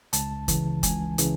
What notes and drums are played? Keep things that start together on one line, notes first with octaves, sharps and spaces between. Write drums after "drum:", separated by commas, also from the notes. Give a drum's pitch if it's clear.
C#2 A5, drum: hi-hat
C#3 E3, drum: kick F#1, hi-hat
C#2 G#5, drum: kick F#1, hi-hat
C#3 E3, drum: hi-hat